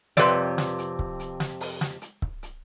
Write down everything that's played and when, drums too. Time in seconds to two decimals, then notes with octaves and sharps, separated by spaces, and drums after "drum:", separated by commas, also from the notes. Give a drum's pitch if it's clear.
0.17 F2 C3 B4 D5, drum: snare
0.58 drum: snare
0.78 drum: hi-hat
0.99 drum: kick C#1
1.20 drum: hi-hat
1.40 drum: snare
1.61 drum: open hi-hat
1.81 drum: snare
2.02 drum: hi-hat
2.22 drum: kick C#1
2.43 drum: hi-hat